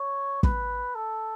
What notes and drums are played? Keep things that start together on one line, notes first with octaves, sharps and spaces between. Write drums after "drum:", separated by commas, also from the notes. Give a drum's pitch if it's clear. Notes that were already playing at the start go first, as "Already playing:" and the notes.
Already playing: C#5
B4, drum: kick
A4